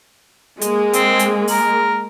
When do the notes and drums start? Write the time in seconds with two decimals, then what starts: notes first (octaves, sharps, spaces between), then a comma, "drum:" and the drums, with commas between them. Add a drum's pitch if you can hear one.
0.61 G#3 A#3, drum: hi-hat
0.93 C4, drum: hi-hat
1.19 drum: hi-hat
1.48 A#4, drum: open hi-hat